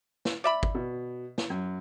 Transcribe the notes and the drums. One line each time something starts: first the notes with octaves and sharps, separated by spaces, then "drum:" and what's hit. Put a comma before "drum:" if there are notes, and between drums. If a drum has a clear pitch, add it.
drum: snare
D5 E5 B5
drum: kick
B2
drum: snare
F#2